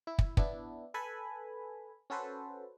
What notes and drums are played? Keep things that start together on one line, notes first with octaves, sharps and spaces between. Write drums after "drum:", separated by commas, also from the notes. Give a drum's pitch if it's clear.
E4
drum: kick
B3 D4 E4, drum: kick
A4 B4 G#5 B5
C#4 F#4 A4 B4 C5